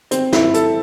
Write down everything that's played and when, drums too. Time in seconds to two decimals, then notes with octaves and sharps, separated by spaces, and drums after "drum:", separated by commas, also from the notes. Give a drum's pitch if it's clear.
0.11 C4, drum: hi-hat
0.33 E4, drum: snare
0.54 A4, drum: hi-hat